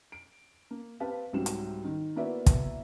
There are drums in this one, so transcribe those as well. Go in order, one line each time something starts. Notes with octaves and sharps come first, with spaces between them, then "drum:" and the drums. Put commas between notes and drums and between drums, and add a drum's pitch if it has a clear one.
D7
A#3
C4 G4 B4 F5 A5
C2 G#2 F#3 G3 C4 E7
drum: hi-hat
D#3
A#3 B3 E4 F#4 D5 E5
drum: kick, hi-hat